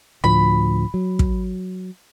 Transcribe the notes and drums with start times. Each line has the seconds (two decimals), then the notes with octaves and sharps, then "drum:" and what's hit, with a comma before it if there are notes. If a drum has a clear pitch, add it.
0.24 D2 A2 F3 B5
0.94 F#3
1.19 drum: kick